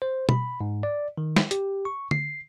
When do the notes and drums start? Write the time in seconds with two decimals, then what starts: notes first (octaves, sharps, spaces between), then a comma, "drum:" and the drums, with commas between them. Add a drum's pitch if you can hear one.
0.02 C5
0.29 B5, drum: tom
0.61 G#2
0.83 D5
1.18 D#3
1.36 drum: snare
1.51 G4, drum: hi-hat
1.85 C#6
2.11 C7, drum: tom D3